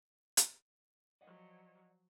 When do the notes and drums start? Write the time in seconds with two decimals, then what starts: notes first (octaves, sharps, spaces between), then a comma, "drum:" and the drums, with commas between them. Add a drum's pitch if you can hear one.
0.37 drum: hi-hat
1.21 F3 F#3 D5 D#5 F#5